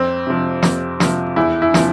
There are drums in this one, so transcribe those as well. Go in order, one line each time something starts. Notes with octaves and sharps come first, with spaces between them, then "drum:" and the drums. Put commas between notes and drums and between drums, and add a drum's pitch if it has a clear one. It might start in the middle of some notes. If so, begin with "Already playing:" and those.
Already playing: F2 C4
C3 F3
F2, drum: snare
C3 F3, drum: snare
E2 E4
E4
C3 F3, drum: snare